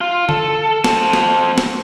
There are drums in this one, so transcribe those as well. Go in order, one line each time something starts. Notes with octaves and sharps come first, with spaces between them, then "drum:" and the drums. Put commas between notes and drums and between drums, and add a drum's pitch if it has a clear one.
F4
A4, drum: tom D3
C4 A5, drum: snare
drum: snare
drum: snare